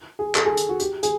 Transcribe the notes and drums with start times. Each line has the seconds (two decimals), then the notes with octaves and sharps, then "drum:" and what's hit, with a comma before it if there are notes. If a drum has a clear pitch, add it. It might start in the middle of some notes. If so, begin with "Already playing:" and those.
0.19 G#4
0.35 A4, drum: clap
0.45 G#4
0.57 drum: hi-hat
0.69 F#4
0.80 G4, drum: hi-hat
1.03 G#4, drum: hi-hat